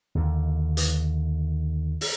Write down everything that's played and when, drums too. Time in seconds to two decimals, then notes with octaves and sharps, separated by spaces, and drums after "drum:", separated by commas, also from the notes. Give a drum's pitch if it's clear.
0.15 D#2 D3
0.77 drum: hi-hat
2.01 drum: open hi-hat